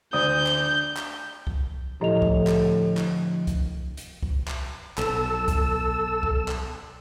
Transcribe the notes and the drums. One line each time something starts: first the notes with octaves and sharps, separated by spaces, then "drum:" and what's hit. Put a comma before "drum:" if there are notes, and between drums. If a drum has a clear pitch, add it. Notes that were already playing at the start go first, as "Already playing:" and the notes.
D2 D5 D#6 G6
drum: clap
drum: clap
drum: kick C2
A2 D3 F3 G4 D#5 A#5 F7
drum: kick C2
drum: clap
drum: clap
drum: kick C2, hi-hat
drum: hi-hat
drum: kick C2
drum: clap
B1 A4 E6, drum: clap
drum: kick C2, hi-hat
drum: kick C2
drum: clap